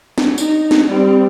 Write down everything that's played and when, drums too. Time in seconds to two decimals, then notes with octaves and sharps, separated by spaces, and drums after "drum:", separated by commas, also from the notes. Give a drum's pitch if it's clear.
0.18 drum: snare
0.38 D#4, drum: tambourine
0.71 drum: snare
0.88 G3 C4